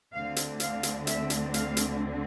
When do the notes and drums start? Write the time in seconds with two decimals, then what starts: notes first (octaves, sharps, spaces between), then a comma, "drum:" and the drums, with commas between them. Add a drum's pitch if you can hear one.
0.13 D2 D3 A3 C4 F5
0.36 drum: hi-hat
0.60 F5, drum: hi-hat
0.83 drum: hi-hat
1.07 E5, drum: hi-hat
1.30 drum: hi-hat
1.54 F5, drum: hi-hat
1.77 drum: hi-hat